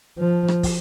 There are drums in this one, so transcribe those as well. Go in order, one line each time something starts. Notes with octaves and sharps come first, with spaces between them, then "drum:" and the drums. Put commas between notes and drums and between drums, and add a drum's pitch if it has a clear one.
F3
drum: rim click
drum: kick, open hi-hat